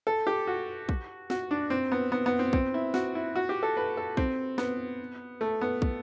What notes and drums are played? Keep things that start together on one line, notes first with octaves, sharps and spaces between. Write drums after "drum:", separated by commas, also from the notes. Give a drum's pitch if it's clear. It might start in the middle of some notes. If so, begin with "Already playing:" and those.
A4
G4
F#4
drum: kick
F#4, drum: snare
D4
C4
B3
B3
B3
C4
C4, drum: kick
E4
F#4, drum: snare
E4
F#4
G4
A4
B4
A4
C4, drum: kick
B3, drum: snare
A3
B3
drum: kick